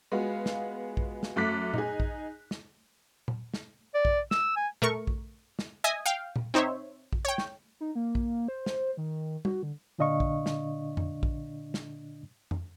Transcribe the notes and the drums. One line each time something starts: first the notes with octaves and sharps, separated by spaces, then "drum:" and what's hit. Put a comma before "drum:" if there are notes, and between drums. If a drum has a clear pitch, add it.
G#3 B3 F4 F#4 G#4 F5
drum: snare
drum: kick A#1
drum: snare
F#2 A3 D6 F#6 B6
D#4 G#4, drum: tom A#2
drum: kick A#1
drum: snare
drum: tom A#2
drum: snare
D5
drum: kick A#1
E6, drum: snare
G#5
A3 A#4 C#6, drum: tom A#2
drum: kick A#1
drum: snare
D#5 E5 G#5 D#6
F5 G5
drum: tom A#2
C4 D#4 C5 C#5 E5
drum: kick A#1
C#5 G5
drum: snare
D#4
A#3
drum: kick A#1
C5
drum: snare
D#3
F#4, drum: tom
D3
A#2 D3 D4 D#5 F5 C#6
drum: kick A#1
drum: snare
drum: tom F2
drum: kick A#1
drum: snare
drum: tom F2